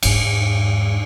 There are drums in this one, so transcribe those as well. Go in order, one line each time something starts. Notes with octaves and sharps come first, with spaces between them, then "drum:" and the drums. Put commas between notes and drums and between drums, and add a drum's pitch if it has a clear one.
E2 G#2, drum: cymbal